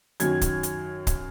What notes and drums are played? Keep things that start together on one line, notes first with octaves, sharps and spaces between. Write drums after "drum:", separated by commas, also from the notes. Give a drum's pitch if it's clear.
F#2 D#3 F#3 G#6, drum: hi-hat
drum: kick C#1, hi-hat
drum: hi-hat
drum: kick C#1, hi-hat